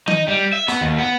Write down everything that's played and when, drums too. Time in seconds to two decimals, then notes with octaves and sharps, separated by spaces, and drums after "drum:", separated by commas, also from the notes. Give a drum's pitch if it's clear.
0.08 D#4, drum: tom D#3
0.28 G3
0.53 E5
0.68 B3, drum: snare
0.81 D#2
0.98 B3